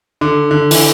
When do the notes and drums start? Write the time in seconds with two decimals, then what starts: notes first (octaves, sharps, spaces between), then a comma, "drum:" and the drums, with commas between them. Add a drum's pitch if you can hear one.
0.21 D3
0.51 D3
0.71 E3, drum: open hi-hat